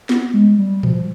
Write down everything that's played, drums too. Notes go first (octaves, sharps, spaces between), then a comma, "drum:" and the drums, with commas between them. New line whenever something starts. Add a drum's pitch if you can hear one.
B3, drum: snare
G#3
G3
F3, drum: tom A2